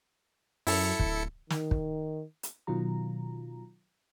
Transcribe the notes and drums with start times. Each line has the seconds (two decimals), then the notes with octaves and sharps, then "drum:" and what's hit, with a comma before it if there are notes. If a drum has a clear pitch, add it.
0.67 F#2 E4 A4 C#7, drum: open hi-hat
0.99 D1, drum: kick
1.50 D#3, drum: snare
1.71 drum: kick
2.43 drum: hi-hat
2.67 B2 D#3 F#3 F4 A#5